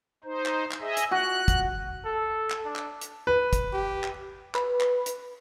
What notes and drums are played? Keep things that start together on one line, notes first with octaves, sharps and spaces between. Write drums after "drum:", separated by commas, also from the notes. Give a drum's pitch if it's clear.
D#4 C5
drum: clap
drum: clap
G#4 D#5 E5
drum: hi-hat
F#4 F#6
drum: kick, hi-hat
A4
drum: clap
D4
drum: clap
drum: hi-hat
B4
drum: kick, hi-hat
G4
drum: clap
B4, drum: clap
drum: clap
drum: hi-hat